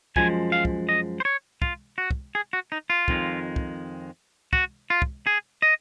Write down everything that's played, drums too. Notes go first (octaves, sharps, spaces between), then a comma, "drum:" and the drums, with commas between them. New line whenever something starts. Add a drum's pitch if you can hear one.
F#2 F3 G#3 G#5, drum: kick
F5
drum: kick
D#5
C5
C#5
F4, drum: kick
F#4
drum: kick
G#4
F#4
D#4
F4
F2 D#3 G#3, drum: kick
drum: kick
F#4, drum: kick
F4
drum: kick
G#4
D#5